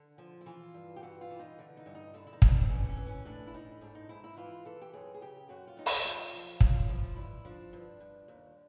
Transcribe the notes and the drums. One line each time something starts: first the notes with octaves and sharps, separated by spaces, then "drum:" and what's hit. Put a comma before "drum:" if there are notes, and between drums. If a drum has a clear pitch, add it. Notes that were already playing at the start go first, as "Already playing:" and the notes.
Already playing: D3
F3
E4
E3 F4
G2
G4
E3 F#4
F4
E3
D#4
D3
D#4
G2
D#4
D3 E4
E4
D#4
G2, drum: kick
D4
C4
E3 C#4
C#4
E3
C#4
A2 D4
E4
A2 D#4
G#2 D4
D#4
G#2 E4
E4
E3 F4
E3 A4
G4
F#2 G#4
G#4
C#3 G4
F#2 F#4
F4
F#2 D#4
E4, drum: open hi-hat
F#2 F4
F3
F#2 F4, drum: kick
F3 E4
G2 E4
F3 D4
G2
G2
D#2